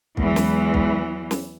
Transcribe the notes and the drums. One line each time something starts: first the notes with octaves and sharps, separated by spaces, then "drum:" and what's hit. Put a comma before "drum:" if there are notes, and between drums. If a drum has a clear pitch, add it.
E2 E3 F#3 G#3, drum: kick
drum: snare
drum: kick
drum: snare